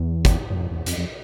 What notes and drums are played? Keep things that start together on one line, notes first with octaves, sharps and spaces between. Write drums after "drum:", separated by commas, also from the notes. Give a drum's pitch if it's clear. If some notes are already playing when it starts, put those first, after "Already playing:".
Already playing: E2
drum: kick, hi-hat
F#2
F2
E2
F2, drum: hi-hat
F2